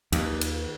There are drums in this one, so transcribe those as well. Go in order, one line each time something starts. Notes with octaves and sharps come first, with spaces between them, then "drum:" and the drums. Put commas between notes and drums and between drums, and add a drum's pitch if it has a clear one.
D#2, drum: cymbal
drum: cymbal